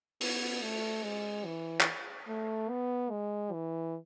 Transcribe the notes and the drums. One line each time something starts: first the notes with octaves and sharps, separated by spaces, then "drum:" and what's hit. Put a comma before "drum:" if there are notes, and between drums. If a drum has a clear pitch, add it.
B3, drum: open hi-hat
A3
G#3
E3
drum: clap
A3
B3
G#3
E3